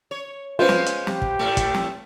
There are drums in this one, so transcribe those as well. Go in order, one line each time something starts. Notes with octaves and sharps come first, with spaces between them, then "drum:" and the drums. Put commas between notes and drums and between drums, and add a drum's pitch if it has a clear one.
C#5
G#3 B3 C#4 F4 B4 C5
drum: snare
drum: hi-hat
G4, drum: snare
drum: kick
A2 A3
drum: kick, hi-hat
drum: snare